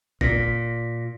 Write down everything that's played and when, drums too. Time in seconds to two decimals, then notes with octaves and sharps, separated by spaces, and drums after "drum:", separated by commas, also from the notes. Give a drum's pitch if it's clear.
0.21 A#2 A#6 B6, drum: kick G1